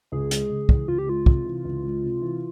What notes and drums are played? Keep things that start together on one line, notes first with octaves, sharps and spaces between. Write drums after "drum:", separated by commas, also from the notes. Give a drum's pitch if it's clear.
C#2 G#4
G#3, drum: hi-hat
C#3
E3, drum: kick
C#2 F4
G4
G#3 F4
C3, drum: kick
E3
C#2
G#3
C3
E3